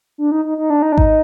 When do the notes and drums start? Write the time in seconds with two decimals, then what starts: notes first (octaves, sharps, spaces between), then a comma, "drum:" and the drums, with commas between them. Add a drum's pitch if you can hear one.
0.18 D4
0.32 D#4
0.45 D#4
0.58 D#4
0.70 D4
0.82 D#4
0.92 D4
0.98 D#4, drum: kick G#1